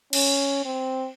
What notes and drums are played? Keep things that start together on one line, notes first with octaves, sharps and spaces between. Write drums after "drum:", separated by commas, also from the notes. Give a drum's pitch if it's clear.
C#4, drum: cymbal
C4